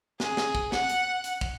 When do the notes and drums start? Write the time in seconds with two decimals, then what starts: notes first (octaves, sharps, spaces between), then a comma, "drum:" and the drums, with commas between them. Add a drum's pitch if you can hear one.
0.20 G#4, drum: snare
0.37 drum: snare
0.55 drum: kick
0.72 F#5, drum: snare
0.89 drum: hi-hat
1.24 drum: hi-hat
1.41 drum: kick